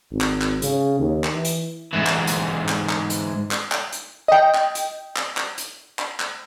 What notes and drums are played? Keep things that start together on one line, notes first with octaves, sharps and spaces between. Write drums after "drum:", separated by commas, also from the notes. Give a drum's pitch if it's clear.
G#1
drum: clap
drum: clap
C#3, drum: hi-hat
D#2
drum: clap
E3
drum: hi-hat
G#2 E3
drum: clap
drum: hi-hat
drum: clap
drum: clap
drum: hi-hat
drum: clap
drum: clap
drum: hi-hat
D#5 G5
drum: clap
drum: hi-hat
drum: clap
drum: clap
drum: hi-hat
drum: clap
drum: clap